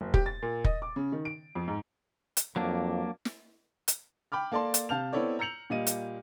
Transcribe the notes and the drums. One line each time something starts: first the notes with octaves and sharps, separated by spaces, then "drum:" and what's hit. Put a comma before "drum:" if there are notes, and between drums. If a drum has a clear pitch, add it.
F#1
G4, drum: kick
A6
A#2
D#5, drum: kick
D6
C#3
D#3
D7
F2
G#2
drum: hi-hat
F2 F#3 A#3 D4
drum: snare
drum: hi-hat
G5 B5 D6 F6
A#3 A4 D5 A5 C6
drum: hi-hat
C3 F5 A5 F6 G6 F7
B3 C4 E4 A4 C#5 D5
A#5 E6 G6 C#7 F7 F#7
A#2 G3 A#3 D#5 D#7
drum: hi-hat